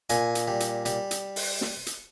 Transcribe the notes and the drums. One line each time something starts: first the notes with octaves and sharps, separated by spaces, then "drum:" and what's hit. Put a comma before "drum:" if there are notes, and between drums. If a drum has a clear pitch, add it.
A#2 G#5, drum: hi-hat
drum: hi-hat
G3
drum: hi-hat
G3, drum: hi-hat
drum: hi-hat
drum: open hi-hat
drum: snare
drum: hi-hat